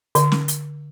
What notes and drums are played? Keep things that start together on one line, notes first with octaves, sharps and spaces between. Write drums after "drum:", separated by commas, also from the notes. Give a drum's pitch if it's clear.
D3, drum: hi-hat
drum: snare
drum: hi-hat